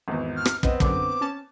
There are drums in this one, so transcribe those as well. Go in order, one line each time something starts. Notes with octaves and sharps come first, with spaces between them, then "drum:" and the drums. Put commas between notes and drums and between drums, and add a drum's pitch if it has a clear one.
G#1 E2
F6
drum: rim click
B3 C4 D#5, drum: kick
F#2 D3 D6, drum: kick
C#4 A5